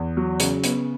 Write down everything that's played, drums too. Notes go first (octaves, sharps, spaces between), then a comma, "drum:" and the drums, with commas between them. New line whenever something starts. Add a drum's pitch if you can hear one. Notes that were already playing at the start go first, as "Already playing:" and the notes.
Already playing: E2
F#3
C#3, drum: hi-hat
B3, drum: hi-hat